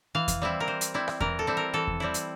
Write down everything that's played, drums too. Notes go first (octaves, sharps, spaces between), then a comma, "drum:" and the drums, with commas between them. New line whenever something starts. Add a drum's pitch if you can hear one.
E3 F5
drum: kick E2, hi-hat
G3 C4 E4
A#4
E3 C5
drum: hi-hat
G3 C4 E4
drum: rim click
E3 A#4, drum: kick E2
A4
G3 C4 E4
A#4
E3 A4
drum: kick E2
G3 C4 E4
drum: hi-hat